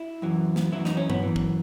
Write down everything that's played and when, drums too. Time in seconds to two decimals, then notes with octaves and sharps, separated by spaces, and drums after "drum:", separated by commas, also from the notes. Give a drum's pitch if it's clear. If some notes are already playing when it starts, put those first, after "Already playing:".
Already playing: E4
0.22 F#2 E3
0.56 drum: snare
0.72 F#2 E3 E4
0.85 D#4, drum: snare
0.97 C#4
1.10 B3, drum: tom G2
1.23 F#2 E3
1.36 drum: kick